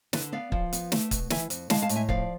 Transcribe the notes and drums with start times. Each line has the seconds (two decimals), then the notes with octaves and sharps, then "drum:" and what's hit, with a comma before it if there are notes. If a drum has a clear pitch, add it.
0.13 D3 B4 D5, drum: snare
0.32 B3 D5 F5
0.52 F3, drum: kick
0.73 B3, drum: hi-hat
0.92 A3, drum: snare
1.11 B2, drum: kick, hi-hat
1.30 E3 E5 G#5, drum: snare
1.50 F2, drum: hi-hat
1.70 G#3 F5 A5, drum: snare
1.82 F5 A5
1.89 A2, drum: hi-hat
1.95 E5 G#5
2.09 F3 D5 F5, drum: kick